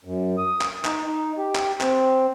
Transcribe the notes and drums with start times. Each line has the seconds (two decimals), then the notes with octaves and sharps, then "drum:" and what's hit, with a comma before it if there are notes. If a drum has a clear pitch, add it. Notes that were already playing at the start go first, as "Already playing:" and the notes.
0.05 F#2
0.38 D#6
0.61 drum: clap
0.85 D#4, drum: clap
1.06 D#4
1.38 G4
1.55 drum: clap
1.81 C4, drum: clap